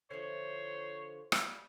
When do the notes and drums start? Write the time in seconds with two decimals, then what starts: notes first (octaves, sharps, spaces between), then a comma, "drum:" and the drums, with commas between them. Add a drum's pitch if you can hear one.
0.10 D3 E3 F3 C5 C#5
1.32 G3, drum: rim click